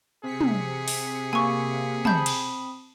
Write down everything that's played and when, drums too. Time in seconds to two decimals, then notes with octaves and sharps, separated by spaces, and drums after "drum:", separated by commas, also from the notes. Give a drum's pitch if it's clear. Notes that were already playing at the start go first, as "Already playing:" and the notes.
0.23 C3 G#4 B6 C#7
0.41 drum: tom
0.88 drum: open hi-hat
1.33 A#3 G4 G#5 C#6
2.05 C4 A5 B5 D#6 G6, drum: tom
2.26 drum: cymbal